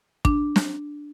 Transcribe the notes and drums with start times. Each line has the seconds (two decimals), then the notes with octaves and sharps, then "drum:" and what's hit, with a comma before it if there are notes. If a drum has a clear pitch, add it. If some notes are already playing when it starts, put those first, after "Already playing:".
0.25 D4, drum: kick
0.56 drum: snare